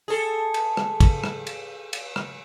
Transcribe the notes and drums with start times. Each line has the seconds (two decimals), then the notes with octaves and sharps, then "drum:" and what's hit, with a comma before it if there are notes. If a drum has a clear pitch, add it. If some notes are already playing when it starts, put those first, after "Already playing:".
0.08 G#4 A4
0.54 drum: cymbal
0.77 drum: rim click
1.00 drum: kick, cymbal
1.24 drum: rim click
1.47 drum: cymbal
1.93 drum: cymbal
2.16 drum: rim click